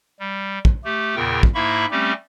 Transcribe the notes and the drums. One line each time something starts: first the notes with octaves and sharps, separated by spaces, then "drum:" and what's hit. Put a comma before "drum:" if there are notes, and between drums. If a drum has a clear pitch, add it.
G3
drum: kick
A3 G4
E2 A#2 C#3 A#4 G5
drum: kick
G#2 A#3 E4 E5 B5 C#6
G3 A3 C4 C#4 G4